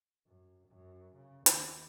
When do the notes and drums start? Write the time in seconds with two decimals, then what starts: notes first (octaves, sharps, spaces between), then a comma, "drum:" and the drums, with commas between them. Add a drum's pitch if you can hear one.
0.26 F#2
0.68 F#2
1.16 C#3
1.46 D#2, drum: hi-hat